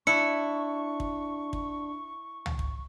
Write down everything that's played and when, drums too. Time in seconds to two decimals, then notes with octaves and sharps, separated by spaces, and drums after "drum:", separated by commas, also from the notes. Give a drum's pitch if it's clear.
0.07 D4 E4 C#6 C#7
1.00 drum: kick
1.53 drum: kick
2.46 drum: tom C#2
2.59 drum: kick